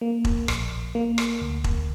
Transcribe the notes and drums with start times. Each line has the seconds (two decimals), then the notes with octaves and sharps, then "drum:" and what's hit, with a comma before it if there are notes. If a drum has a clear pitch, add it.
0.01 A#3
0.25 drum: kick E1
0.48 A#1, drum: rim click
0.95 A#3
1.18 drum: rim click
1.41 D2
1.64 drum: kick E1